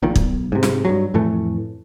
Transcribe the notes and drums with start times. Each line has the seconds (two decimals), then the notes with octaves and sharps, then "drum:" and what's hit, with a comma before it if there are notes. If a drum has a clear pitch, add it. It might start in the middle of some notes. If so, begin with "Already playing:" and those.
0.03 A#1 A#2 D#3
0.15 B1, drum: kick
0.52 G#2 C3
0.63 drum: snare
0.85 G2 F#3
1.14 F2 A2 E3 A3